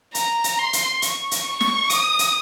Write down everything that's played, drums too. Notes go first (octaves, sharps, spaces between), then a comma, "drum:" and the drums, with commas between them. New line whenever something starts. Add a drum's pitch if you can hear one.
A#5, drum: hi-hat
drum: hi-hat
C6
drum: hi-hat
C#6, drum: hi-hat
drum: hi-hat
C#6
drum: snare
D#6, drum: hi-hat
drum: hi-hat